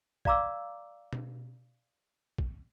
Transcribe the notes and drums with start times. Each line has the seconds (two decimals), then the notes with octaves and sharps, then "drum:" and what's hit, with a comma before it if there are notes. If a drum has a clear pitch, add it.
0.25 D5 F5 A#5 D6 E6, drum: kick
1.13 drum: tom B2
2.38 drum: kick